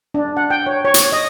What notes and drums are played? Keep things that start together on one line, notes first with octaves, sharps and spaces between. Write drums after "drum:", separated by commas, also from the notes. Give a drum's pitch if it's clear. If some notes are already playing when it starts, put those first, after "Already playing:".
D4
F#5
G5
C#5
C#5
drum: hi-hat
D#5